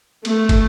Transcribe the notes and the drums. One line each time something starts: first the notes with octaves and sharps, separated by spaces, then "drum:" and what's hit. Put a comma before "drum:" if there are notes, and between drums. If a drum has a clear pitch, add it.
A3, drum: cymbal
drum: kick, cymbal